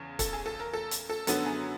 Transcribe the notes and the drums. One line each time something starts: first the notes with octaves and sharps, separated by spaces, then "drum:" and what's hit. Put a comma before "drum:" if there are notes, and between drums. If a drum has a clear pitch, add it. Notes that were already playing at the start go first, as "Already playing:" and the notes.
Already playing: E2 C#3
A4, drum: kick, hi-hat
G#4
A4
A#4
A4
drum: hi-hat
A4
F#2 D3 F#3 B3 A4, drum: hi-hat
G#4